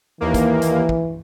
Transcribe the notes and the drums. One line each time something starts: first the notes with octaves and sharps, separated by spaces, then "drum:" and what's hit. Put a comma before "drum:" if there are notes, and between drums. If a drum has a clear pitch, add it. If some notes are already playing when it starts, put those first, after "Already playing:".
D#2 E3 A#3
drum: kick, hi-hat
drum: hi-hat
drum: kick